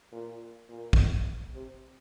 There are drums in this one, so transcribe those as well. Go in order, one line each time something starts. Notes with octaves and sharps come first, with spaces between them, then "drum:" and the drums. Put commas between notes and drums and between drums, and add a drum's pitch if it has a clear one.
A#2
A#2
drum: kick
C3